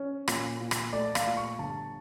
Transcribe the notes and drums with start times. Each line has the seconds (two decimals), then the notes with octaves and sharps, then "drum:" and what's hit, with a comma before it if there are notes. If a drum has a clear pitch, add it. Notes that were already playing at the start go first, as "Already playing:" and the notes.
Already playing: C#4
0.28 A#2, drum: rim click
0.60 A#2
0.71 drum: rim click
0.93 A3 D5
1.15 F5, drum: rim click
1.27 A#2
1.37 C#6
1.59 G1 A5